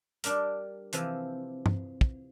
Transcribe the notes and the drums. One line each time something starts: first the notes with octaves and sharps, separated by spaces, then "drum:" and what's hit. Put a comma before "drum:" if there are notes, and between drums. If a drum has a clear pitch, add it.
G3 D4 G4 A#4, drum: hi-hat
C3 E3 F3, drum: hi-hat
drum: tom G2
drum: kick